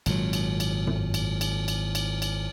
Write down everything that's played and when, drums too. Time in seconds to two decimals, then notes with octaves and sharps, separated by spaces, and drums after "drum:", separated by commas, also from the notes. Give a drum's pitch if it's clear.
0.06 G#1 A#2 F#3, drum: cymbal
0.33 drum: cymbal
0.60 drum: cymbal
0.87 drum: tom
1.14 drum: cymbal
1.41 drum: cymbal
1.68 drum: cymbal
1.95 drum: cymbal
2.22 drum: cymbal